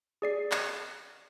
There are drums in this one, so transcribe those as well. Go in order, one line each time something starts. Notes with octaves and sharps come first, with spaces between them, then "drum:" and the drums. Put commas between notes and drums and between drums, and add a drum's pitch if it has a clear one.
G#4 D5 C7
drum: clap